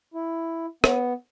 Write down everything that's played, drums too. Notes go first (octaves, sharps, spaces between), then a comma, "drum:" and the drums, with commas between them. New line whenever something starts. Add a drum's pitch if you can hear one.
E4
B3, drum: rim click